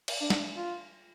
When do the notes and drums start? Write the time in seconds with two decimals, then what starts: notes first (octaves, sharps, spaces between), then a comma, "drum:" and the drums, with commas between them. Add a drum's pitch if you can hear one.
0.08 drum: cymbal
0.21 D4
0.30 drum: snare
0.56 F4